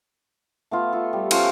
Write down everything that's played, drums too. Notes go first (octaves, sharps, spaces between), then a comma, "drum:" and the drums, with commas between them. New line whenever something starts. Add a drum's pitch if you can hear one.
A3 B3 F4
F4 A4
G3
F3 C#4 F4, drum: cymbal